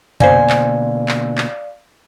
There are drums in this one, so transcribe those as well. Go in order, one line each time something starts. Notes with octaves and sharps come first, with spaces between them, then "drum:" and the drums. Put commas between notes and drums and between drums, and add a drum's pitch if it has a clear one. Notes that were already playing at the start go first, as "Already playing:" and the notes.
C2 B2 D3 A#3 C5 D5 F5 G#5, drum: tom F2
drum: clap
drum: clap
drum: clap